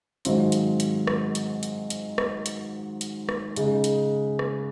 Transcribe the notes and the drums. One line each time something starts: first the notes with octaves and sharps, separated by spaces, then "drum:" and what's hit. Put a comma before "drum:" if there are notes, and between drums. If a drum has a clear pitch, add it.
G#2 D#3 F#3 C4 F4, drum: hi-hat
drum: hi-hat
drum: hi-hat
drum: rim click
drum: hi-hat
drum: hi-hat
drum: hi-hat
drum: rim click
drum: hi-hat
drum: hi-hat
drum: rim click
C#3 G#3 D#4, drum: hi-hat
drum: hi-hat
drum: rim click